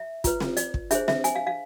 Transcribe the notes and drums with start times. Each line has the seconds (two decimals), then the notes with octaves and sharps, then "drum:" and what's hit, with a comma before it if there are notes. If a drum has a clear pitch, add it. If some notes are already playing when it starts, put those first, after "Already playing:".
Already playing: E5
0.24 F4 B4, drum: kick, hi-hat
0.40 drum: snare C4
0.57 D5, drum: hi-hat
0.74 drum: kick
0.91 D4 G#4 C5 E5, drum: hi-hat
1.08 E5, drum: snare C4
1.24 G#5, drum: hi-hat
1.35 F5
1.47 F5